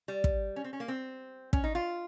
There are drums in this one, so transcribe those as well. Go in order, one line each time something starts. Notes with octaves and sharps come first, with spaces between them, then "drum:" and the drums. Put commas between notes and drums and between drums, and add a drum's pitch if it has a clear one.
G3
drum: kick
C#4
C4
C#4
A#3
C4
C#4, drum: kick
D#4
F4